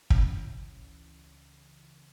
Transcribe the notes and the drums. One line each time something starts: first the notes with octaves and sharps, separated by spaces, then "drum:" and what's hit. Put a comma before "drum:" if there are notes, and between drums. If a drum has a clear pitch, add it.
C#2 C#3 E3, drum: kick